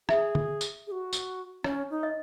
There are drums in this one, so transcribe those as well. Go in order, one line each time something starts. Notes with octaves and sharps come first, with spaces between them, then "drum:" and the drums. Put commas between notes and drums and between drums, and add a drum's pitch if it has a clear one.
G#4 E5, drum: rim click
drum: tom
drum: tambourine
G#4
F#4
drum: tambourine
C#4 C#5, drum: rim click
D#4
D#5